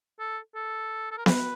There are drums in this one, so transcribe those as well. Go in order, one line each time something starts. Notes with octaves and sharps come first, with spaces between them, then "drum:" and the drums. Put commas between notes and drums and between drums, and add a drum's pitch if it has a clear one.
A4
A4
A4
A#4
B4, drum: snare B3